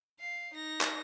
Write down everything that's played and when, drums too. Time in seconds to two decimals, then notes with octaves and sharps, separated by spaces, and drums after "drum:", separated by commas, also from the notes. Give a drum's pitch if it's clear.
0.19 F5 C7
0.53 D#4 A#6
0.81 drum: clap